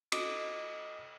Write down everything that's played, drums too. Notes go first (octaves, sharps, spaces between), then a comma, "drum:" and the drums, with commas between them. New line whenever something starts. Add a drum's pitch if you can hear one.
D#5 D6 D#6, drum: cymbal